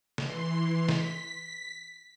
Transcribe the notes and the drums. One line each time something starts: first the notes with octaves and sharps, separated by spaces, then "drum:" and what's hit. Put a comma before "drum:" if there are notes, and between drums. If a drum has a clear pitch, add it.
E3 C6, drum: snare
B6, drum: snare